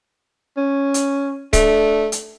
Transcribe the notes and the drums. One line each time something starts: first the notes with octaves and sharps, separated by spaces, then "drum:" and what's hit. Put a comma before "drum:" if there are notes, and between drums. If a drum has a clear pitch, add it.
C#4
drum: hi-hat
A3 D4, drum: kick C#1, hi-hat
drum: hi-hat